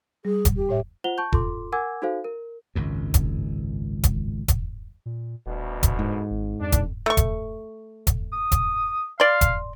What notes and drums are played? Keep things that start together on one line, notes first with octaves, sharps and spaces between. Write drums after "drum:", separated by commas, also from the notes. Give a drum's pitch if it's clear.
G3 G#4
drum: kick E1, hi-hat
G4
A2 C#5 E5
F4 C5 F#5 F7 G7
A5 C#6 G6
F4 A4 C6 D6, drum: kick E1
A#4 F#5 G#5 D6 E6 G#6
D#4 F#4 A4 C5 F5
A#4
G#1 C#2 F#2
drum: kick E1, hi-hat
drum: kick E1, hi-hat
drum: kick E1, hi-hat
A#2
D#1 D2 B2
drum: kick E1, hi-hat
G#2
G#1
F2 D4
drum: kick E1, hi-hat
A3 C#6
drum: kick E1, hi-hat
drum: kick E1, hi-hat
D#6
drum: kick E1, hi-hat
D5 F5 C6
drum: kick E1, hi-hat